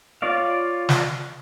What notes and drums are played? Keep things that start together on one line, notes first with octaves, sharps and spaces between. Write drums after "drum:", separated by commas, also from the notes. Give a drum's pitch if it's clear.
F4 C#5 D5 F5
drum: snare